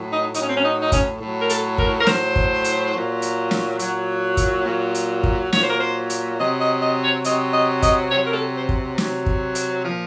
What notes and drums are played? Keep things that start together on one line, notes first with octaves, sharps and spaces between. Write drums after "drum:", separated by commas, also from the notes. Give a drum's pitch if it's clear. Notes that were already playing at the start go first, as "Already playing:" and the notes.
Already playing: A2 F#3
D#4
A2 F#3 D#4, drum: hi-hat
C#4
C4
C#4
D#4
D#4
C#4, drum: kick, hi-hat
A2 F#3
A#4
A4, drum: hi-hat
A#4, drum: kick
A#4
A2 F#3 C5, drum: snare
drum: kick
drum: hi-hat
A#2 F#3
drum: hi-hat
drum: snare
A#2 F#3, drum: hi-hat
drum: kick, hi-hat
A#2 F#3
drum: hi-hat
drum: kick
A#2 F#3 C#5, drum: snare
C5
A#4
C5
drum: hi-hat
C3 F#3 D#5
D#5
D#5
C#5
C3 F#3 D#5, drum: hi-hat
D#5
D#5, drum: kick, hi-hat
C3 F#3 C#5
A#4
A4
C5
drum: kick
C3 F#3, drum: snare
drum: kick
drum: hi-hat
F3
A#2